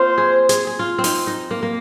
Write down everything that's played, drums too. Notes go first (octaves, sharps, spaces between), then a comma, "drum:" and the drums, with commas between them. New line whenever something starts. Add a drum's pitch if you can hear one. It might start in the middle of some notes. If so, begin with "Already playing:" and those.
Already playing: A#3 C4 F4 C5
G#4
G#4, drum: hi-hat
G#4
F4
C4
D#4, drum: open hi-hat
D#4
A#3
A#3